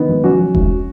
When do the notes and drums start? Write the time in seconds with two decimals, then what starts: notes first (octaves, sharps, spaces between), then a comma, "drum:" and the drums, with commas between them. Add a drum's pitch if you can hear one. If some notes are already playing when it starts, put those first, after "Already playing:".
Already playing: D#3 B3 D#4
0.08 G#1
0.23 F#3 C#4 F#4
0.39 F#3
0.55 G#1, drum: kick E1